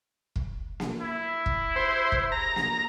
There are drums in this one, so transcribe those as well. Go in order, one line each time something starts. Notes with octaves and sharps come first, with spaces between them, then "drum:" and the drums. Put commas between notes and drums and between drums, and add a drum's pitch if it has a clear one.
drum: kick
drum: snare A#3
E4
drum: kick
C5
drum: kick
A#5
drum: snare A#3